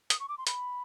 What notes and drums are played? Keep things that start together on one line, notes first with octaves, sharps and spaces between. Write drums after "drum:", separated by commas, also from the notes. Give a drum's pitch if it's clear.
D#6, drum: hi-hat
C#6
D6
C6
B5, drum: hi-hat